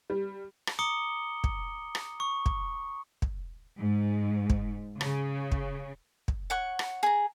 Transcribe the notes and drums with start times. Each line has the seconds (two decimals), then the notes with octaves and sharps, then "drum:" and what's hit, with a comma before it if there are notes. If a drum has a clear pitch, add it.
0.10 G3
0.67 drum: rim click
0.79 A#5 D6 D#6 C#7 G7
1.44 drum: kick
1.95 drum: rim click
2.20 C#6
2.46 drum: kick
3.22 drum: kick
3.79 G#2
4.50 drum: kick
5.01 C#3, drum: rim click
5.52 drum: kick
6.28 drum: kick
6.50 C#5 F#5 C#6
6.79 drum: rim click
7.03 G#4 A#5